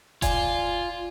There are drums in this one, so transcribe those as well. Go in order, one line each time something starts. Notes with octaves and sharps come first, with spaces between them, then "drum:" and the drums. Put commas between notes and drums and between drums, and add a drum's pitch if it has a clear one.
F4 D5 G#5 G#6, drum: kick F1, hi-hat